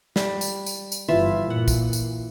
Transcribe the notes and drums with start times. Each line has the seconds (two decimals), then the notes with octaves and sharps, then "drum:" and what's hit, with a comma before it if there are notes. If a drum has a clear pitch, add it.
0.16 G3, drum: snare
0.41 drum: tambourine
0.66 drum: tambourine
0.92 drum: tambourine
1.08 G1 E3 F4 E5
1.50 A#2 F#5
1.68 drum: kick, tambourine
1.93 drum: tambourine